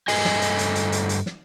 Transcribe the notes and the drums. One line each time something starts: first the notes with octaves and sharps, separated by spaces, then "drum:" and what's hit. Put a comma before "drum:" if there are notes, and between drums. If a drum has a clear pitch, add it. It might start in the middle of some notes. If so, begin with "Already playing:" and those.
G2 A3 A4 D#5 G#5, drum: open hi-hat
drum: snare
drum: hi-hat
drum: hi-hat
drum: hi-hat
drum: hi-hat
drum: hi-hat
drum: snare